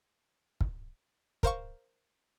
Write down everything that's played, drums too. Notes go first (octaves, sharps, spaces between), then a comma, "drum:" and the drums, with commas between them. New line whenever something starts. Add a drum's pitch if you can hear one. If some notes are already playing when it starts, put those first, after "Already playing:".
drum: kick
A#4 C5 F5 C#6, drum: kick